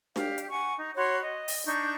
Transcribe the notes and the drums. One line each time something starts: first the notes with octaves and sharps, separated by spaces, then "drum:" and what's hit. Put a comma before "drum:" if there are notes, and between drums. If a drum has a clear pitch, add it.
G4 F5, drum: snare D4
drum: hi-hat
F#5 G#5 C#6
D#4
F#4 C#5 B5 C6
D#5
drum: open hi-hat
D4 D#4 C#6 G6